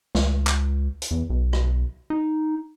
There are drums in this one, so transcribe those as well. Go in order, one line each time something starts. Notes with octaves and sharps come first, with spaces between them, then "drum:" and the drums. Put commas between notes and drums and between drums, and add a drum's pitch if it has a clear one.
C#2, drum: snare
drum: clap
drum: hi-hat
E2
B1
drum: rim click
D#4